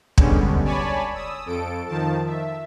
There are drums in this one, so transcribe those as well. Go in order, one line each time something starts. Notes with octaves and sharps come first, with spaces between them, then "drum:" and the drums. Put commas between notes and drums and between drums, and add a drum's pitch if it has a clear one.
D3 G3 G#3 B3 C#4, drum: kick
C#5 D5 G#5 A5 B5
D#6 E6
F2 A4 D7
D#3 F3 A5
E5